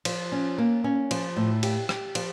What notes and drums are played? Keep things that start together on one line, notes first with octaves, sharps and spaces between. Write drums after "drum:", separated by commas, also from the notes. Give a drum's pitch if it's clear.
F3, drum: cymbal
C#4
A#3
C#4
F3, drum: cymbal
A2
G4, drum: cymbal
G4, drum: rim click
F3, drum: cymbal